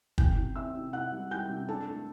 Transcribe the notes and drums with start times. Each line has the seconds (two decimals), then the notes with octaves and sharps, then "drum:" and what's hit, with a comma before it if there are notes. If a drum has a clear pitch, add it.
0.18 C3 G5 G6, drum: kick
0.37 C3
0.55 C4 E5 E6
0.75 C3
0.93 C3 F#5 F#6
1.12 G3
1.31 G3 G5 G6
1.49 C3
1.68 D4 A4 A5
1.88 A3